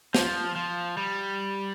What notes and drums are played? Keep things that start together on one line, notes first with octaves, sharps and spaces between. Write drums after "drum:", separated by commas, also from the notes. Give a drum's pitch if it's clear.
F3, drum: snare
F3
G3